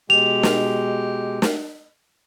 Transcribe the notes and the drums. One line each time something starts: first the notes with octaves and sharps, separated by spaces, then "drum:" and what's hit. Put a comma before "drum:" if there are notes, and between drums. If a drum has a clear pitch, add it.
B2 G#3 G4 F7
drum: snare
drum: snare